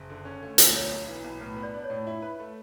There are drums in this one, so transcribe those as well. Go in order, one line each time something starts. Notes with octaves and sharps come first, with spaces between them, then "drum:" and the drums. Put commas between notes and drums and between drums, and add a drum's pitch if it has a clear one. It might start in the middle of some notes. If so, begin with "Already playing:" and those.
Already playing: F#1
D3
C#4
A3
D2, drum: hi-hat
B1 C#5
B1
E3
B1
A2 B4
B3
D5
D4
C#5
A2
E4
B4
A3